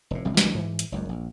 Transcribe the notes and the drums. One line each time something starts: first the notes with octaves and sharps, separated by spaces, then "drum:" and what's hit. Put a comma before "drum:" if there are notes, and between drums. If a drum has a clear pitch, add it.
F1 A2
A#1 C3 G3 G#3
C2 E3 F#3 D4, drum: snare
G#2 E3
drum: hi-hat
F#1 C#2 F#2
A#1